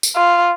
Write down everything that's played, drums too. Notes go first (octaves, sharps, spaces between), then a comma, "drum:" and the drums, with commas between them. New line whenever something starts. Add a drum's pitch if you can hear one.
drum: tambourine
F4